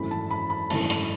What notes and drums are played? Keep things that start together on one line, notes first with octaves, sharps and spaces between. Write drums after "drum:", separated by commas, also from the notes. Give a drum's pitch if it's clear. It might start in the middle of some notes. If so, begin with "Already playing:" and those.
Already playing: G#1 F#2 E3 A3 B5
A5
B5
B5
G#1 F#2 E3 A3 A5, drum: open hi-hat
drum: hi-hat